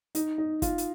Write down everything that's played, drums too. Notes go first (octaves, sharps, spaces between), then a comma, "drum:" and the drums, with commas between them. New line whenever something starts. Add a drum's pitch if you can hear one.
D#4, drum: hi-hat
D#4
F4, drum: kick, hi-hat
drum: hi-hat